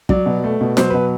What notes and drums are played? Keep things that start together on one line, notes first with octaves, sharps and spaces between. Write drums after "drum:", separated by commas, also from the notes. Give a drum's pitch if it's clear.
F#3 D5, drum: kick
B2
A3
B2
F#3 C5, drum: snare
B2 B4